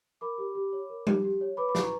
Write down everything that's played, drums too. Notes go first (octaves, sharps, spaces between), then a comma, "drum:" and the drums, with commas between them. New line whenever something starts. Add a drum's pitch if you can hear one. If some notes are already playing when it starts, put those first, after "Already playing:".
A#4 B5 D6
G4
G4
C#5
A#4
G4, drum: tom G3
G4
C#5
B4 B5 D6
B5 D6
E4, drum: snare
A#5 C#6